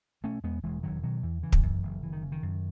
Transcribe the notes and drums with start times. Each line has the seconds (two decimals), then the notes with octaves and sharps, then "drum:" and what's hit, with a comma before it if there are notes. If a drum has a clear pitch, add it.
0.24 B2 A3 C#4
0.43 E2 G#3 B3
0.63 E1 E3 G#3
0.83 E1 D#3 F#3
1.03 B2 D#3 F#3
1.23 E2 E3
1.43 C#3 E3
1.52 drum: kick
1.63 F#2
1.83 F#1
2.03 F#1 E3
2.12 D#3
2.22 C#3
2.32 D#3
2.42 F#2